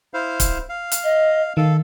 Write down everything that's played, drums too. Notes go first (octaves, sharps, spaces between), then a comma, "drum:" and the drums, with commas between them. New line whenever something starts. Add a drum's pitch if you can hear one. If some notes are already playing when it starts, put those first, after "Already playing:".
E4 C5 F5
drum: kick, hi-hat
F5
drum: hi-hat
D#5
D#3 A4 F5